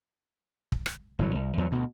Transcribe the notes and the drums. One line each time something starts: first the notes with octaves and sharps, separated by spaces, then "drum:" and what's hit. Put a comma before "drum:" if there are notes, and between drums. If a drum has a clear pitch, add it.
drum: kick
drum: rim click
G1 A2 E3 F#3
C2
E2 F3 F#3
D2 B2